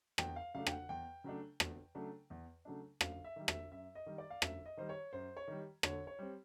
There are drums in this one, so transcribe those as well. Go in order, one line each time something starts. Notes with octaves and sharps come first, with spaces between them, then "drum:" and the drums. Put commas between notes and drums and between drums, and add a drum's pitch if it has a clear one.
E2 G5, drum: rim click
F5
C#3 F#3 A3 D4 F5
G5, drum: rim click
F#5
E2 G5
C#3 F#3 A3 D4
E2, drum: rim click
C#3 F#3 A3 D4
E2
C#3 F#3 A3 D4
F#2 F5, drum: rim click
E5
D#3 G3
E5, drum: rim click
F#2 E5
D#5
D#3 G3
D5
F5
F#2 E5, drum: rim click
D#5
D#3 G3 C5
C#5
F#2 C5
C#5
D#3 G3
D3 C#5, drum: rim click
C#5
G3 C4